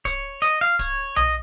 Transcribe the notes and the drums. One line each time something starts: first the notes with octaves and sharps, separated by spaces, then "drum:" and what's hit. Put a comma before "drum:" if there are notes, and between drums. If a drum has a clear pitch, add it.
C#5, drum: kick D1, hi-hat
D#5, drum: hi-hat
F5
C#5, drum: kick D1, hi-hat
D#5, drum: tom B1